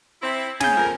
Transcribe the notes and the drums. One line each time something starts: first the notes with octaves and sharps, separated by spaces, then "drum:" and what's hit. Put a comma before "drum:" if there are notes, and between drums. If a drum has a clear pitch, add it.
C4 E4
C#3 G#5 G6, drum: snare
F2 A#4